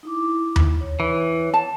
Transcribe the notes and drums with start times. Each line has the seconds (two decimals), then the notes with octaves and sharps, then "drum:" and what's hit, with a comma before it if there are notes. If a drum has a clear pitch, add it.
0.03 D#4 E4 D6
0.56 drum: tom D#2
0.81 C#5
1.00 E3
1.54 A5